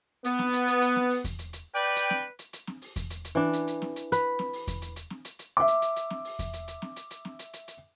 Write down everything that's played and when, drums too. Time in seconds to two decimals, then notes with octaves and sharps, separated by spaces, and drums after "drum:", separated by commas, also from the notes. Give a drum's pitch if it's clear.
0.24 B3, drum: hi-hat
0.39 drum: snare C4
0.53 drum: hi-hat
0.67 drum: hi-hat
0.82 drum: hi-hat
0.96 drum: snare C4
1.10 drum: open hi-hat
1.24 drum: kick E2, hi-hat
1.39 drum: hi-hat
1.53 drum: hi-hat
1.75 B4 D5 G5
1.96 drum: hi-hat
2.10 drum: snare C4
2.39 drum: hi-hat
2.53 drum: hi-hat
2.67 drum: snare C4
2.82 drum: open hi-hat
2.96 drum: kick E2, hi-hat
3.10 drum: hi-hat
3.25 drum: hi-hat
3.35 E3 D4
3.53 drum: hi-hat
3.67 drum: hi-hat
3.82 drum: snare C4
3.96 drum: hi-hat
4.12 B4, drum: hi-hat
4.39 drum: snare C4
4.53 drum: open hi-hat
4.67 drum: kick E2, hi-hat
4.82 drum: hi-hat
4.96 drum: hi-hat
5.10 drum: snare C4
5.25 drum: hi-hat
5.39 drum: hi-hat
5.57 E5 D6
5.68 drum: hi-hat
5.82 drum: hi-hat
5.96 drum: hi-hat
6.10 drum: snare C4
6.25 drum: open hi-hat
6.39 drum: kick E2, hi-hat
6.53 drum: hi-hat
6.68 drum: hi-hat
6.82 drum: snare C4
6.96 drum: hi-hat
7.10 drum: hi-hat
7.25 drum: snare C4
7.39 drum: hi-hat
7.53 drum: hi-hat
7.68 drum: hi-hat